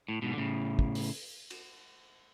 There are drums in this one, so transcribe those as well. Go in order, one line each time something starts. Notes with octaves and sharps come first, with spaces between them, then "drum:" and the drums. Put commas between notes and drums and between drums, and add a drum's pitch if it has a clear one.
A2
G#2 B2
D3
A2 C#3
drum: kick
drum: open hi-hat
drum: cymbal